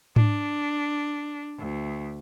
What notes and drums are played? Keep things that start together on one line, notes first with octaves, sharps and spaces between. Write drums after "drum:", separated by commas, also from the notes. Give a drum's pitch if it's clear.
D4, drum: tom G#2
D2